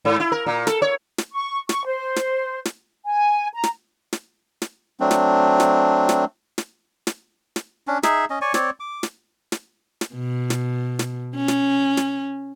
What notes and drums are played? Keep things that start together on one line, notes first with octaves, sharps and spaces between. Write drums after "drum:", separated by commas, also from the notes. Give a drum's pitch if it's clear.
G#2
E4
A#4
A#2
A4, drum: snare
C#5
drum: snare
C#6
C#6, drum: snare
C5
drum: snare
drum: snare
G#5
A#5
drum: snare
drum: snare
drum: snare
F#3 A3 C4 D4
drum: snare
drum: snare
drum: snare
drum: snare
drum: snare
drum: snare
C#4 D4
D#4 G#4 E5, drum: snare
C#4 D#5
C#5 D5 G#5 C#6
C4 C#5 D5, drum: snare
D6
drum: snare
drum: snare
drum: snare
B2
drum: snare
drum: snare
C#4
drum: snare
drum: snare